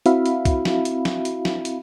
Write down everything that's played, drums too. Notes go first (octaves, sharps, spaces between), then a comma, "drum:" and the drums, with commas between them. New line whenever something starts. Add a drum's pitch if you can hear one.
C4 E4 F#4 E5 F5 B5, drum: hi-hat
drum: hi-hat
drum: kick C2, hi-hat
drum: snare
drum: hi-hat
drum: snare
drum: hi-hat
drum: snare
drum: hi-hat